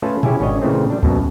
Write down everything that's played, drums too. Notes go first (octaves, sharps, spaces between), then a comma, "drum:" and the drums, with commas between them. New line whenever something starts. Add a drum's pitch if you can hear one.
A3 C#4 F4 B4 A5
C#4 E4 G4 G#4 E5 G#5, drum: tom A#2
G#1 C#4 D4 C#5 D#5
A#2 C#3 E3 A3 C4
G3 D4
C2 F#2 B2 A4, drum: kick C#2